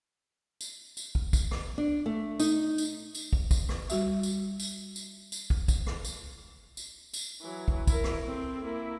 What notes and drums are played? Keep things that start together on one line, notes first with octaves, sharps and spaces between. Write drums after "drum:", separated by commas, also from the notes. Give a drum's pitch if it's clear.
drum: tambourine
drum: tambourine
drum: kick
drum: kick, tambourine
drum: rim click
D4
A3
D#4, drum: tambourine
drum: tambourine
drum: tambourine
drum: kick
drum: kick, tambourine
drum: rim click
G3 F#4 E5, drum: tambourine
drum: tambourine
drum: tambourine
drum: tambourine
drum: tambourine
drum: kick
drum: kick, tambourine
drum: rim click
drum: tambourine
drum: tambourine
drum: tambourine
E3 F#3
drum: kick
E4 A#4, drum: kick, tambourine
drum: rim click
C4 A4
A#3 E4